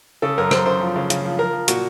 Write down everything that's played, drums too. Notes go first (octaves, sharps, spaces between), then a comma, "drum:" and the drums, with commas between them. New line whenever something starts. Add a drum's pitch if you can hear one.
C#3 A4
F#2 A#4
F#2 C5, drum: rim click
C#3 C5
F3
C#3
C#3, drum: hi-hat
F3
F3 A#4
F3
A#2 F#4, drum: hi-hat